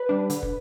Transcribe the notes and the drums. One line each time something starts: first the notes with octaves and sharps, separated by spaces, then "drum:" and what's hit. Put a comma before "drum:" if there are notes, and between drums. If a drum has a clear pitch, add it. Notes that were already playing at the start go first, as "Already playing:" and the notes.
Already playing: B4
G3 D4
D3, drum: hi-hat
drum: kick